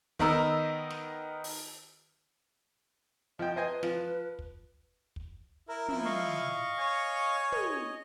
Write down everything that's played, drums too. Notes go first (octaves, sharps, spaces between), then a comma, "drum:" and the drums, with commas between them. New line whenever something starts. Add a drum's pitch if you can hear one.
D#3 B3 D#4 A#4 E6, drum: kick
drum: snare
drum: open hi-hat
F3 D#5 G5
B4 C5 D#5 G#5
F3, drum: snare
drum: kick
drum: kick
E4 A#4
F3 E4, drum: tom
D#5 F5 C#6
C#5 G#5
D#5, drum: tom